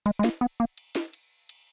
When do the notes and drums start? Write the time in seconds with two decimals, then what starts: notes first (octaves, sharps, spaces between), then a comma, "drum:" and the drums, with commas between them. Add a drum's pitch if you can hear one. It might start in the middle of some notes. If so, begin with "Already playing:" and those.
0.06 G#3, drum: cymbal
0.19 G#3
0.24 A#3, drum: snare
0.41 B3
0.60 A#3
0.78 drum: cymbal
0.95 drum: snare
1.13 drum: cymbal
1.49 drum: cymbal